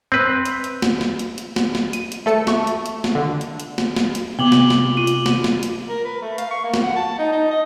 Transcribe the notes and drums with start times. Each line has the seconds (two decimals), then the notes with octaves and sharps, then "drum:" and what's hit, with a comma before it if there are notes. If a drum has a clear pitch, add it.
0.12 C4 B4
0.45 drum: hi-hat
0.64 drum: hi-hat
0.82 drum: snare
1.01 drum: snare
1.19 drum: hi-hat
1.38 drum: hi-hat
1.56 drum: snare
1.75 drum: snare
1.93 D#7, drum: hi-hat
2.12 drum: hi-hat
2.26 A3 A4 A5 C#7
2.47 A3 C#6, drum: snare
2.67 drum: hi-hat
2.86 drum: hi-hat
3.04 drum: snare
3.15 D3
3.41 drum: hi-hat
3.60 drum: hi-hat
3.78 drum: snare
3.96 drum: snare
4.15 drum: hi-hat
4.39 C3 B3 D6 F#7 G7
4.52 drum: snare
4.70 drum: snare
4.97 F4 D#7
5.07 drum: hi-hat
5.26 drum: snare
5.44 drum: snare
5.63 drum: hi-hat
5.89 A#4
6.05 B4
6.22 A3
6.38 F5, drum: hi-hat
6.51 C#6
6.64 A#3
6.74 drum: snare
6.83 F#5
6.96 A5
7.18 D#4
7.33 D#4
7.51 D#5